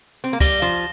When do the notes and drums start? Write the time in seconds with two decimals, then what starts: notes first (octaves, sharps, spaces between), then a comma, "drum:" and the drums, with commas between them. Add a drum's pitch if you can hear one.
0.24 C4
0.33 A#3
0.40 G3 A#6 G7, drum: kick, cymbal
0.62 F3